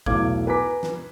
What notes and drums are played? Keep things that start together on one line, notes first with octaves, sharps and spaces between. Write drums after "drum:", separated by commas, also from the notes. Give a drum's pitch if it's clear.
B1 E2 A3 F5 D6 G#6, drum: kick G#1
B4 G#5 A#5 D6 B6
drum: snare